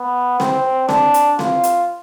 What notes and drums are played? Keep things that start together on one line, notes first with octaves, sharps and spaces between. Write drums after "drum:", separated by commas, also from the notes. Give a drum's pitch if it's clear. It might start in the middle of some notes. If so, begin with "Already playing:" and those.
Already playing: B3
C4, drum: snare C4
D4, drum: snare C4
drum: hi-hat
F4, drum: snare C4
drum: hi-hat